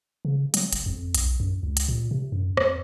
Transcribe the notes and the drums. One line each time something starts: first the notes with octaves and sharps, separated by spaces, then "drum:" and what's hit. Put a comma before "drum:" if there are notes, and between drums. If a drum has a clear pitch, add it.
C#3
F#3, drum: hi-hat
F#1, drum: hi-hat
F2
B1, drum: hi-hat
F#2
C#2
drum: hi-hat
A#2
C3
F#2
F2, drum: rim click